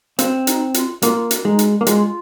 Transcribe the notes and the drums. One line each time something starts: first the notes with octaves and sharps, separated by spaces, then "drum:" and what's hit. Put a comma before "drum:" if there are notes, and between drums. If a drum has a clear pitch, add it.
C4 F5, drum: hi-hat
D#4, drum: hi-hat
F4, drum: hi-hat
A#3 F4, drum: hi-hat
drum: hi-hat
G#3 D#4
drum: hi-hat
A#3
G#3 F4, drum: hi-hat